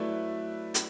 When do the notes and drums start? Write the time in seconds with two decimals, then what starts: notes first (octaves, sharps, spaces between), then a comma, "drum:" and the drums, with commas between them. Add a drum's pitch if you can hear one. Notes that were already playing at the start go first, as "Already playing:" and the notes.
Already playing: F#3 A3 E4 B4 D5
0.74 drum: hi-hat